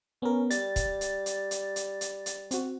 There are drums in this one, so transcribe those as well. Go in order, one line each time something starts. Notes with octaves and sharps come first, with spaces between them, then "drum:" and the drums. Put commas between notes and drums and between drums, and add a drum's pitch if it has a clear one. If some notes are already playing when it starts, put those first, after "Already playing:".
B3 C#4 A#4
G3 A6, drum: hi-hat
drum: kick, hi-hat
drum: hi-hat
drum: hi-hat
drum: hi-hat
drum: hi-hat
drum: hi-hat
drum: hi-hat
C4 F#4, drum: hi-hat